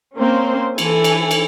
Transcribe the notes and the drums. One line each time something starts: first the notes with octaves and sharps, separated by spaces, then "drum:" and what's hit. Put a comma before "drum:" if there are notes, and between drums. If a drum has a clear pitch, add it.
A#3 C4 C#4 C5
E3 A4 G#5, drum: cymbal
drum: cymbal
drum: cymbal